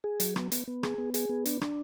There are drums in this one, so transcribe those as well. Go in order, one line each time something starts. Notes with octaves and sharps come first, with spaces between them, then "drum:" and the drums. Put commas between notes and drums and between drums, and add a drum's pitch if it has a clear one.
G#4
F#3, drum: hi-hat
B3, drum: rim click
B3, drum: hi-hat
B3
G#4, drum: rim click
B3
G#4, drum: hi-hat
B3
D4, drum: hi-hat
D4, drum: rim click